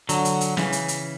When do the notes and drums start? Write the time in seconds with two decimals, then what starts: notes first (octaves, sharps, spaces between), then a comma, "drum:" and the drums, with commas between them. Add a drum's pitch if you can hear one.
0.09 D3 F#3, drum: hi-hat
0.25 drum: hi-hat
0.41 drum: hi-hat
0.57 C#3 E3, drum: snare
0.72 drum: hi-hat
0.88 drum: hi-hat